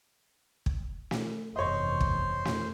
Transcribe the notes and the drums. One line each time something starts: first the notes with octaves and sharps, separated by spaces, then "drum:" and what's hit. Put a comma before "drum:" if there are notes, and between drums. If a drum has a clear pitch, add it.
drum: kick
drum: snare
F1 E2 G2 C5 C#5 D#5 C6
drum: kick
drum: snare